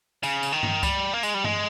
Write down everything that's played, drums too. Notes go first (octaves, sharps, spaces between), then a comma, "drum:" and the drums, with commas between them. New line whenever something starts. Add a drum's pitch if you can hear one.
C#3, drum: tambourine
drum: tambourine
D#3
drum: tom G2
G3, drum: kick C#2, tambourine
A#3
G#3, drum: tambourine
G3
G#3, drum: tom G2